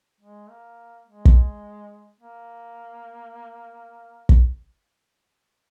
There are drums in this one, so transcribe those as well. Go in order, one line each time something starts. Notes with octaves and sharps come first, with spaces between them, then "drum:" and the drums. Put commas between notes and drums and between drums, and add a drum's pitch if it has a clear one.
G#3
A#3
G#3
drum: kick
A#3
drum: kick